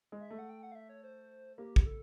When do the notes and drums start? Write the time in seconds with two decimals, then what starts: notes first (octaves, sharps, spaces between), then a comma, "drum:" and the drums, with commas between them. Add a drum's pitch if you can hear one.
0.12 G#3
0.21 E5
0.30 A3
0.39 F#5
0.49 G5
0.63 F#5
0.72 F5
0.75 E5
0.89 C#5
1.04 C5
1.58 A#3 G4
1.76 drum: kick
1.86 A4